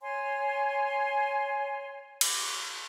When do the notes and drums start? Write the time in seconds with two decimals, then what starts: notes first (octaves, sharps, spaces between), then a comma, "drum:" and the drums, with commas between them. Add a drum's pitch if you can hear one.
0.01 C#5 G#5 C6
2.21 drum: cymbal